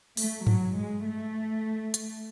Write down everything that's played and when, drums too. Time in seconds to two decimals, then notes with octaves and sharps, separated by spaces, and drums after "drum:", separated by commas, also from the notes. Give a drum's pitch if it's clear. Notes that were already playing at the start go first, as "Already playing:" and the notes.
0.17 A3, drum: open hi-hat
0.47 F#3, drum: tom G2
0.77 G#3
1.05 A3
1.94 drum: hi-hat